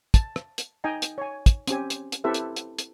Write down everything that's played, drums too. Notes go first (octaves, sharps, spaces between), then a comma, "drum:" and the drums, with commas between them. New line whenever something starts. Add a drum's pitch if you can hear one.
A5, drum: kick, hi-hat
drum: rim click
drum: hi-hat
D#4 D#5 G5 G#5 A#5
drum: hi-hat
C#5 G#5
drum: kick, hi-hat
C4 C#4 G4 G#5, drum: hi-hat
drum: hi-hat
drum: hi-hat
C4 E4 G4 A4 B4 E5
drum: hi-hat
drum: hi-hat
drum: hi-hat